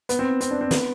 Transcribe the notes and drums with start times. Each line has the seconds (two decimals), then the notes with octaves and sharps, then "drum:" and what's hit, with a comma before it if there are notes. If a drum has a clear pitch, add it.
0.09 B3, drum: hi-hat
0.19 C4
0.41 C4, drum: hi-hat
0.51 D4
0.61 C4
0.71 B3, drum: snare